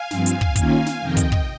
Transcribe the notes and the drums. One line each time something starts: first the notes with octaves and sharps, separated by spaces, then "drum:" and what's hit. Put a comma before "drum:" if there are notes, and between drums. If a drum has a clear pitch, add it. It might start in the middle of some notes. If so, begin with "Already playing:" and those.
Already playing: F5 G#5
G2 F3 C4, drum: snare
drum: hi-hat
drum: kick
D#3 A#3 C#4 F4 F5 G#5, drum: kick, hi-hat
drum: snare
F2 C3 D#3 D#5 G5
drum: kick, hi-hat
drum: kick